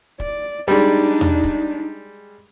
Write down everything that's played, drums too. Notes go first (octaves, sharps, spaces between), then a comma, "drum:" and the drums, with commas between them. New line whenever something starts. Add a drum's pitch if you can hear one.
D5, drum: kick
G3 G#3 D4 D#4
drum: tom E2
drum: kick